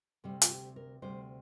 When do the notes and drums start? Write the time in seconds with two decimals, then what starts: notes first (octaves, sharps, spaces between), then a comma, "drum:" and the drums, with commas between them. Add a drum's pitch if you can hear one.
0.24 D2 C3 G3
0.41 F4, drum: hi-hat
0.50 G4
0.76 A#4
1.02 D2 C3 G3 C5